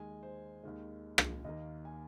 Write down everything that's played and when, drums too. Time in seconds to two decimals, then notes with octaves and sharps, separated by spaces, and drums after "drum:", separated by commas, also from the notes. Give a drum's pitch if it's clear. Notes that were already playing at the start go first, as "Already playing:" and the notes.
Already playing: D#2 D#3 G#3 G#5
0.23 C5
0.63 D#2 D#3 G#3
1.18 drum: rim click
1.44 D#2 D#3 A#3 D#5
1.85 G#5